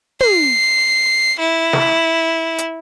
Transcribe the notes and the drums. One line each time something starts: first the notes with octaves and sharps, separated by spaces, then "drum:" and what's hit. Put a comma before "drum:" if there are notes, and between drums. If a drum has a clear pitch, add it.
C7, drum: tom
E4
drum: snare
drum: hi-hat